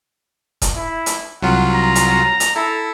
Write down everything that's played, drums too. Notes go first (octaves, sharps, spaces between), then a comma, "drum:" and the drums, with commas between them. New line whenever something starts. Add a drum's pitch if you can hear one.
drum: kick, hi-hat
E4
drum: hi-hat
C2 F#3 F4 F#5
A#5
drum: hi-hat
drum: hi-hat
E4 A4